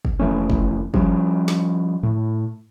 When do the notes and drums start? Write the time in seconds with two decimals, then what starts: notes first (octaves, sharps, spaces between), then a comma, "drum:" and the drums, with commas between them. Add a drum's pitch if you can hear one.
0.05 drum: kick
0.19 F1 E3 A3 C#4
0.50 drum: kick
0.94 F3 G3 C#4, drum: kick
1.48 drum: snare
2.03 A2